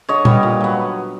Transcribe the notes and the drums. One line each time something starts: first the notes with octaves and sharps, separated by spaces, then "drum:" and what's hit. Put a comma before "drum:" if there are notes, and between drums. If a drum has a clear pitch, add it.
D3 C#5 D#5
G3 B3, drum: tom A#2
A#2
F#3 B3